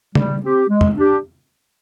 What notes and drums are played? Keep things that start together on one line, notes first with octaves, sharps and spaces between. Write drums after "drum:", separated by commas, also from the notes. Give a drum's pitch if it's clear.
G3, drum: tom
C4 G4
G#3
drum: tom
D4 G4